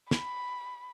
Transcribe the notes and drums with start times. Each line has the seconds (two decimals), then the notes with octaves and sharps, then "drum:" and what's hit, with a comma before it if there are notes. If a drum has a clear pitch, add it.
0.11 B5, drum: snare